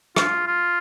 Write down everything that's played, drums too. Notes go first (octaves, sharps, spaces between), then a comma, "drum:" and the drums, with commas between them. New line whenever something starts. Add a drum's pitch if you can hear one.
F4, drum: rim click
F4